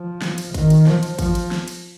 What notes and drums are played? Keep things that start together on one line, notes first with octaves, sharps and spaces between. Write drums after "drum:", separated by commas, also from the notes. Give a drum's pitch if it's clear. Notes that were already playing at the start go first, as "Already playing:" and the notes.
Already playing: F3
drum: snare
drum: cymbal
D#3, drum: kick G#1, cymbal
drum: cymbal
F3, drum: snare
drum: cymbal
F3, drum: kick G#1, cymbal
drum: cymbal
drum: snare
drum: cymbal